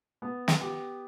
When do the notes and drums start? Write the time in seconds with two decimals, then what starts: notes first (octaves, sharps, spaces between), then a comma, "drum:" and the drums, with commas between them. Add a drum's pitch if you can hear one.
0.22 B3
0.48 drum: snare
0.61 G4